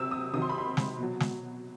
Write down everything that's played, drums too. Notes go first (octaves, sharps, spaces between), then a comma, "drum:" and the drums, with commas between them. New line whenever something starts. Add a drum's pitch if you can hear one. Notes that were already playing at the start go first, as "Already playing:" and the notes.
Already playing: C3 F#3 E6
D#6
C3 D#3 F#3 D#6
C6
B5
C6
drum: snare
B2 F#3
drum: snare